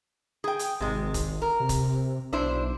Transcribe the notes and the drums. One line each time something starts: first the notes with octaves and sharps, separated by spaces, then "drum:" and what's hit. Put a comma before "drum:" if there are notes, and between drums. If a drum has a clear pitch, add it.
G#4 G5
drum: hi-hat
G#1 C3 G#3
drum: kick, hi-hat
A#4
C3
drum: kick, hi-hat
B1 D4 E4 C5